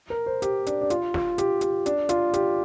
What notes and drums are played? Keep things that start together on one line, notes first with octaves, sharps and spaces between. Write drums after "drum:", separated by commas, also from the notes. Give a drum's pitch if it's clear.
A#4
C5
G4, drum: hi-hat
D4, drum: hi-hat
D4
F4, drum: hi-hat
F4, drum: snare
G4, drum: hi-hat
G4, drum: hi-hat
D4, drum: hi-hat
F4, drum: hi-hat
G4, drum: hi-hat